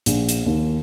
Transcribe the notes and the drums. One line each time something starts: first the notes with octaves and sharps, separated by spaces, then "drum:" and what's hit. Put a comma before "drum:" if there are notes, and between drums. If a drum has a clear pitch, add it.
A#1, drum: hi-hat
drum: hi-hat
D#2